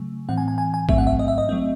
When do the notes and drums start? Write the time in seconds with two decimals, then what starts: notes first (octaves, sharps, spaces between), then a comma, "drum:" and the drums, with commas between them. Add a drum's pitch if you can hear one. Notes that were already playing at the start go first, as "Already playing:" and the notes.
Already playing: C#3 F#3 A3
0.29 A2 E3 C4 F#5
0.38 G#5
0.48 G#5
0.58 G#5
0.74 G#5
0.89 G#2 F#3 A3 C4 E5, drum: kick
0.98 F#5
1.07 E5
1.19 D#5
1.28 E5
1.38 D#5
1.49 F#3 A3 C4